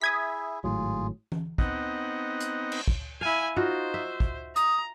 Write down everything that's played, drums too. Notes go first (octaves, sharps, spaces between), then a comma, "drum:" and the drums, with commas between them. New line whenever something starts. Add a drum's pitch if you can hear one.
E4 G#4 E5 D#6 G#6 B6
G#1 A2 F#3 F4 G#4
drum: tom E3
B3 C4 D#4 D#5 F#5, drum: kick
drum: hi-hat
drum: cymbal
drum: kick
E4 F5 G#5
D#4 F4 F#4 C5
E5
drum: kick
A#5 D#6, drum: hi-hat